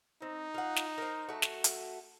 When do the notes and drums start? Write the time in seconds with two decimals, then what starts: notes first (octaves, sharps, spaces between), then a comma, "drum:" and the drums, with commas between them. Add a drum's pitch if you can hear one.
0.22 C4 D#4
0.54 F4 F#5
0.76 drum: snare
0.98 A#4 C5
1.29 A3 F#4
1.42 drum: snare
1.64 drum: hi-hat